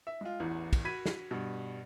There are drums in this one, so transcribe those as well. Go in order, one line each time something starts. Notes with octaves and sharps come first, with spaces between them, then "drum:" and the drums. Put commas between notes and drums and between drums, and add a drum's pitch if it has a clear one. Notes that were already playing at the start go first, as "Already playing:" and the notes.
E5
G#3 F4
A1 E2 E3
drum: kick, cymbal
F#4 B5 G#6 B6 D#7
drum: snare
G2 B2